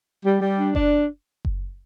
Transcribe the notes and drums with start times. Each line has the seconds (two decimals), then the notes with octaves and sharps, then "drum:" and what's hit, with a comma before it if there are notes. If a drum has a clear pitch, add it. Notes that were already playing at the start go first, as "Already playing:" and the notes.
0.24 G3
0.40 G3
0.59 D4
0.75 D4, drum: kick F#1
1.45 drum: kick F#1